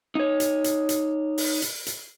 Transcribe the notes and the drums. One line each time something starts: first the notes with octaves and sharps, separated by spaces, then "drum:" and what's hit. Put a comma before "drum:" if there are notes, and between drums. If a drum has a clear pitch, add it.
D#4 C#5
drum: hi-hat
drum: hi-hat
drum: hi-hat
drum: open hi-hat
drum: hi-hat
drum: hi-hat